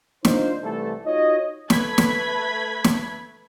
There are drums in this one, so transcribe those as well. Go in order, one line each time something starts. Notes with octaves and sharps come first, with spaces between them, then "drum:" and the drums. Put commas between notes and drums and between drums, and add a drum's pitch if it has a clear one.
D4 D#4 F4 A#4 C5, drum: snare
C2 E3 A3 A4
D#4 F4 F#4 C#5 D#5
A3 B4 B5 G#6 B6, drum: snare
drum: snare
drum: snare